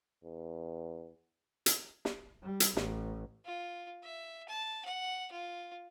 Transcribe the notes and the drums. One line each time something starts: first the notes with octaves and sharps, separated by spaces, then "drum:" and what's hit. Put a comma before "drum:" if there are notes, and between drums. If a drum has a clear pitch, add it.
E2
drum: hi-hat
drum: snare
G3
drum: hi-hat
A1, drum: snare
F4
E5
A5
F#5
F4